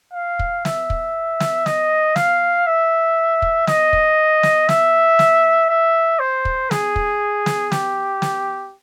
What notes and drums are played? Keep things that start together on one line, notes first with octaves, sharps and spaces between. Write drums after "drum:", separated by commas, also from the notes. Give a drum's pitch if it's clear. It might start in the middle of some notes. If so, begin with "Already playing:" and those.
F5
drum: kick
E5, drum: snare
drum: kick
drum: snare
D#5, drum: snare
F5, drum: snare
E5
drum: kick
D#5, drum: snare
drum: kick
drum: snare
E5, drum: snare
drum: snare
E5
C5
drum: kick
G#4, drum: snare
drum: kick
drum: snare
G4, drum: snare
drum: snare